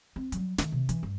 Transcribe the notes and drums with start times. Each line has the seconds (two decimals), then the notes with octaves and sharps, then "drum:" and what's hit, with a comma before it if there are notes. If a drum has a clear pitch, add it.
0.16 C4
0.32 F#3 G3, drum: hi-hat
0.58 D#3 A3, drum: snare
0.72 C3
0.89 E3, drum: hi-hat
1.03 G2